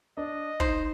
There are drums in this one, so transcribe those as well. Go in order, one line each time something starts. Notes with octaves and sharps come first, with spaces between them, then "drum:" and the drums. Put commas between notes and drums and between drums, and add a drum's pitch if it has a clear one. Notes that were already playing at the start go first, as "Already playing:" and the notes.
D4 D#5
D#4 C5, drum: kick